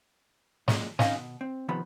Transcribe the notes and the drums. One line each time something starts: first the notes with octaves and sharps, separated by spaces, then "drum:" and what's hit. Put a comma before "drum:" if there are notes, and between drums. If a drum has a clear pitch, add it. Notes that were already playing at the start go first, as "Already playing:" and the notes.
F#2 A#2 G#3, drum: snare
C4 C#4 D#4 D#5 F5 G#5, drum: snare
B2
C4
C3 D#3 F3 B3 B5